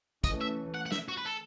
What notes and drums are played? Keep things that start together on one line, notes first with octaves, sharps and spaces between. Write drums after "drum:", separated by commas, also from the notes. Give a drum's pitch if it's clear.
E3 A3 C#4 D#5, drum: kick, hi-hat
E5
F#5
F#5
E5, drum: snare
F#4
B4
A4